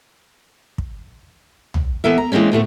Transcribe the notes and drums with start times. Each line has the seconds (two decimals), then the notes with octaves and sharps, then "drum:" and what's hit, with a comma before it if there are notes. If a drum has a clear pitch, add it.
0.78 drum: kick
1.74 drum: tom
2.04 E3 B3 A4 A#4 E5
2.18 A#5
2.32 E3 G#3 A#3 C4 C#4
2.52 D2 A2 A3 B3